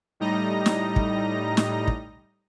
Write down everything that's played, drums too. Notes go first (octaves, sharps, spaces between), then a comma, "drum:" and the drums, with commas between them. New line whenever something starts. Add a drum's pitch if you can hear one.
A2 G3 D#4 D#5 A#5 A#6
drum: snare
drum: kick
drum: snare
drum: kick